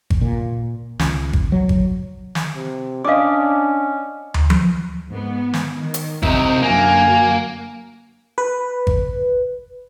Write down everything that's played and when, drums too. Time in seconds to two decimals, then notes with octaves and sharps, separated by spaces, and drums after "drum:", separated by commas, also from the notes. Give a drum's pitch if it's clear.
0.10 drum: kick G#1
0.21 A#2
0.99 C#2, drum: snare
1.33 drum: kick G#1
1.52 F#3
1.69 drum: kick G#1
2.35 drum: snare
2.55 C3
3.04 C#4 D4 D5 D#5 F5 D6
4.34 drum: tom
4.50 drum: tom F3
5.10 G#2 B3
5.54 drum: snare
5.77 D#3
5.94 drum: hi-hat
6.23 C3 D#4 E4, drum: kick G#1
6.63 F#2 D3 A#3 F#4 G#5
8.38 B4
8.87 drum: kick G#1